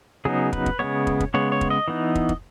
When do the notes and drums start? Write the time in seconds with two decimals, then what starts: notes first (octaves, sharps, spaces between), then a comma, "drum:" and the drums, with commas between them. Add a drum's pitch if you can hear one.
0.25 C#3 F#3 B3 D#4 G#4
0.53 B4, drum: kick
0.66 drum: kick
0.79 C#3 G#3 B3 C#5
1.07 drum: kick
1.20 drum: kick
1.34 C#3 G#3 B3 C#5
1.52 C#5
1.61 drum: kick
1.70 D#5
1.88 E3 B3 D#4
2.15 drum: kick
2.29 drum: kick